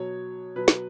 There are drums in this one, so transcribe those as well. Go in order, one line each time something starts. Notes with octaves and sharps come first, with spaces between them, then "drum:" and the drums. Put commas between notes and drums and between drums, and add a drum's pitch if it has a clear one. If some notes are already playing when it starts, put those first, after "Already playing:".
Already playing: B2 F#3 C#5
B2 F#3 B4
drum: snare